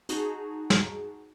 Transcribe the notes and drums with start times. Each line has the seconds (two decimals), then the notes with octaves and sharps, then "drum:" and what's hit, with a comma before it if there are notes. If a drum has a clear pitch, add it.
0.09 D#4 F#4 G#4 A5 A#5, drum: hi-hat
0.70 drum: snare